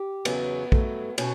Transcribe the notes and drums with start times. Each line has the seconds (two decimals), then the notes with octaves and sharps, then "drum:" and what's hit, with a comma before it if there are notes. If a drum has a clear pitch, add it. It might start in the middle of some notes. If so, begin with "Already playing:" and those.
Already playing: G4
0.25 E2 C#3 F#3 B3, drum: cymbal
0.72 G2 F#3 A3, drum: kick
1.18 B2 C#4, drum: cymbal